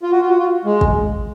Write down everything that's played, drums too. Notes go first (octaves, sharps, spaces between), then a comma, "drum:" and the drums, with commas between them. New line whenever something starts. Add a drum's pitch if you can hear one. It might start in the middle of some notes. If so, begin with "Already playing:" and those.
F4
F#4
F4
F#4
F4
G#3
drum: kick